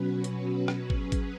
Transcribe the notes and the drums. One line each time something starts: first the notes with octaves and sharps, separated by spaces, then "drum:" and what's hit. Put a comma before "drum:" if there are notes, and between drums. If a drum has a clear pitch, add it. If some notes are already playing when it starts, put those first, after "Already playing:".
Already playing: B2 F#3 C#4 F#4 B4
drum: hi-hat
drum: rim click
F#3 C#4 G#4 B4, drum: kick
drum: kick, hi-hat